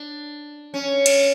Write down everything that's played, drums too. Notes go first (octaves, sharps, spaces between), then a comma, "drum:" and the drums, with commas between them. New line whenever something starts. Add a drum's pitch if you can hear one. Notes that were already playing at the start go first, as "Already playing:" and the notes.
Already playing: D4
C#4
drum: cymbal